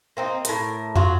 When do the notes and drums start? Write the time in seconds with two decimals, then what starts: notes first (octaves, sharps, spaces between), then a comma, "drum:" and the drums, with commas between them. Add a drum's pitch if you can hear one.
0.17 A#3 C4 D#4
0.45 A2 A#4, drum: hi-hat
0.96 F#3 F4 F#4, drum: tom F2